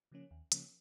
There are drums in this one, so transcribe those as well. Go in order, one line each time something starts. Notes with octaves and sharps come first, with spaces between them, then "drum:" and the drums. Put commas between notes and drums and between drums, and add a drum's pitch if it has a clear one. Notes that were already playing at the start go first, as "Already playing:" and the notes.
C#3 F3 A#3 C#4
D#2
C#3 F3 A#3 C#4, drum: hi-hat